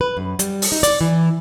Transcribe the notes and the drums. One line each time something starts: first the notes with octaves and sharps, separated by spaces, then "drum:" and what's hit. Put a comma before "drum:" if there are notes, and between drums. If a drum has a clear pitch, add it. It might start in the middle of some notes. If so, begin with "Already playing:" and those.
B4
F#2
G3, drum: hi-hat
drum: open hi-hat
D#4
D5, drum: hi-hat
E3